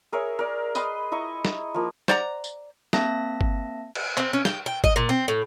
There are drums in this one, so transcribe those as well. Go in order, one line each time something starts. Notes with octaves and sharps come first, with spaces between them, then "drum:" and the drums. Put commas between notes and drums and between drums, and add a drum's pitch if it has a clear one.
G#4 A#4 C#5 E5
A#4 D5
B4 D#5 B5 C6, drum: tambourine
E4 D#5 A#5 C#6
drum: snare
F3 A#3
C5 D5 F#5 A#5, drum: snare
drum: tambourine
A#3 C4 E5 A5 A#6, drum: snare
drum: kick G1
drum: cymbal
C4, drum: clap
C#4
G5, drum: snare
G5
D#5, drum: kick G1
A#2
C4
A2